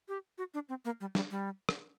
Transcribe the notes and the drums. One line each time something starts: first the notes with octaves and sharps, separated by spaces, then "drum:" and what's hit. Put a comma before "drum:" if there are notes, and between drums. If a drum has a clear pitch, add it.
G4
F#4
D4
C4
A#3
G3
G3, drum: snare
G3
drum: rim click